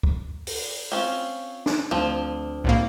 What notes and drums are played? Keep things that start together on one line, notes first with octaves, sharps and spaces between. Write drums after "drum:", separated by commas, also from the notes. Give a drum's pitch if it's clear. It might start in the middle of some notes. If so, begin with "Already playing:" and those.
drum: kick
drum: open hi-hat
C4 C#4 F4
drum: snare
D2 F3 C4
C2 A2 A#3